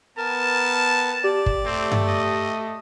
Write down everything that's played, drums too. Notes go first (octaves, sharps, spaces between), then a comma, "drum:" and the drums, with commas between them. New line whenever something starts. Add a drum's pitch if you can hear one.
B3 A#4 A5
G4 D5
drum: kick
A3 C4
drum: tom G2
D#5